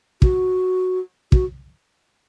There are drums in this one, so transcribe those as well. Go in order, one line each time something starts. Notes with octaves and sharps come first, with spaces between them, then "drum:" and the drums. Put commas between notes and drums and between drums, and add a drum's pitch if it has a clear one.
F#4, drum: kick
F#4, drum: kick